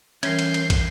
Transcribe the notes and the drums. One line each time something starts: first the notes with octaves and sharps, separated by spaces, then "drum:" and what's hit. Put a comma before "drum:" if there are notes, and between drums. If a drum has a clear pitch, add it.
E3 G3 C#4 A#4 G6 C7, drum: cymbal
drum: cymbal
drum: cymbal
drum: kick, cymbal